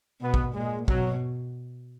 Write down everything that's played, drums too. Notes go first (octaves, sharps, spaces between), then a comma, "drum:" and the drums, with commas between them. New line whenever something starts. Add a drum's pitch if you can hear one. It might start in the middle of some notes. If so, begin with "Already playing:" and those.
B2 B3
drum: kick
A#2 G#3
B2 F#3, drum: kick